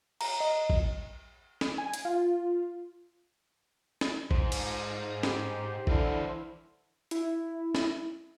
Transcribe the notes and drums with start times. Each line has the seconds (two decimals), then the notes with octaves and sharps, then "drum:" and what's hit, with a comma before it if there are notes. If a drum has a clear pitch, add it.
0.21 A#5, drum: cymbal
0.40 D#5
0.70 drum: kick
1.61 drum: snare
1.78 G#5
1.93 drum: hi-hat
2.05 F4
4.01 drum: snare
4.31 G#2 C5, drum: kick
4.52 drum: cymbal
5.23 G4, drum: snare
5.87 D3 E3 E4 F5, drum: kick
7.11 E4, drum: hi-hat
7.75 drum: snare